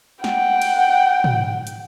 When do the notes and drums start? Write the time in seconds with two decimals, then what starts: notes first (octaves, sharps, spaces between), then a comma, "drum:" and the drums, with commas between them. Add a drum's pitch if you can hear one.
0.24 F#5 G5, drum: snare
0.62 drum: cymbal
1.24 drum: tom
1.67 drum: hi-hat